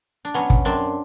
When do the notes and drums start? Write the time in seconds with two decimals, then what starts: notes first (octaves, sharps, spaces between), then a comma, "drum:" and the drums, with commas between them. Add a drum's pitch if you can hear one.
0.25 D4
0.34 F#3 B3 C#4
0.50 drum: kick
0.65 F#2 C4 D4